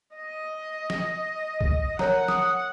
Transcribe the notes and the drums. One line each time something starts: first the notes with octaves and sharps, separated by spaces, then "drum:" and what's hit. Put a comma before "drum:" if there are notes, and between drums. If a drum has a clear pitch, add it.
D#5
drum: snare
drum: kick B1
A#4 C#5 F#5 A#5, drum: snare
D#6, drum: snare